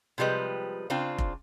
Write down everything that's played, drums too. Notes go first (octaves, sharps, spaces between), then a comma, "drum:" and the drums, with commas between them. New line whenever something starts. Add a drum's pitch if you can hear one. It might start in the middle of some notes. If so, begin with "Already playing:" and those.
C3 F3 G3 G#3 B4
C#3 C4 D4 F4
drum: kick F1